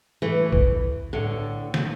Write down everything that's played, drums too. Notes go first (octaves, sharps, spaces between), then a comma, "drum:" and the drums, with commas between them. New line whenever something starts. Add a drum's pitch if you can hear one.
E3 A3
drum: kick A#1
A2 D3
drum: snare